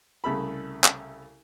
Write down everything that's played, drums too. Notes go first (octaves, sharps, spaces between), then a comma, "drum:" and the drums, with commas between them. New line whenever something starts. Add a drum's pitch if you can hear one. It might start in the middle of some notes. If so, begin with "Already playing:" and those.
C2 C#3 A3 A4 B5
drum: clap